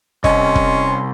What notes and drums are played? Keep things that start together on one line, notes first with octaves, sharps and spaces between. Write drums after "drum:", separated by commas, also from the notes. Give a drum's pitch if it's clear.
C2 C#4 D#5 C6, drum: kick
drum: kick